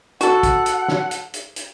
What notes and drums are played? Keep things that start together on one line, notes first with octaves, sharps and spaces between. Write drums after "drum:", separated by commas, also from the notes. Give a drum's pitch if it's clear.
F#4 A4 F#5, drum: hi-hat
drum: kick, hi-hat
drum: hi-hat
drum: snare
drum: hi-hat
drum: hi-hat
drum: hi-hat